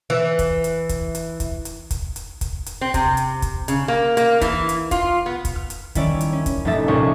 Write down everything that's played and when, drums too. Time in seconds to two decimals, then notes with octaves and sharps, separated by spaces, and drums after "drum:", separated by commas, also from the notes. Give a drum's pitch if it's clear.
0.10 E3
0.39 drum: kick, hi-hat
0.64 drum: hi-hat
0.89 drum: kick, hi-hat
1.15 drum: hi-hat
1.40 drum: kick, hi-hat
1.65 drum: hi-hat
1.91 drum: kick, hi-hat
2.16 drum: hi-hat
2.41 drum: kick, hi-hat
2.66 drum: hi-hat
2.81 C4
2.94 C3, drum: kick, hi-hat
3.17 drum: hi-hat
3.42 drum: kick, hi-hat
3.68 C#3, drum: hi-hat
3.88 A#3
4.17 A#3, drum: hi-hat
4.41 E3, drum: kick, hi-hat
4.69 drum: hi-hat
4.91 F4, drum: kick, hi-hat
5.26 B3
5.45 drum: kick, hi-hat
5.55 F6
5.70 drum: hi-hat
5.95 D#3 G3 C#4 E4 C#5 D5, drum: kick, hi-hat
6.21 drum: hi-hat
6.33 C#4
6.46 drum: kick, hi-hat
6.65 F1 A2 A3 D#4 E5 A6
6.88 C2 A#2 C4 C#4 D#4 C#6